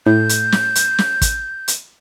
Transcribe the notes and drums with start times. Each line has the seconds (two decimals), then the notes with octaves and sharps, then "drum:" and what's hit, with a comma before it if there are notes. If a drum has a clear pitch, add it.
0.06 A2 G6
0.29 drum: hi-hat
0.52 drum: snare
0.75 drum: hi-hat
0.98 drum: snare
1.22 drum: kick, hi-hat
1.68 drum: hi-hat